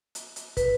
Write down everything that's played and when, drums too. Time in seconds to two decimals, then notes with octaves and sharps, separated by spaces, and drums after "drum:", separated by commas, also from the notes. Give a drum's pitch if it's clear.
0.15 drum: hi-hat
0.36 drum: hi-hat
0.57 B4, drum: kick, hi-hat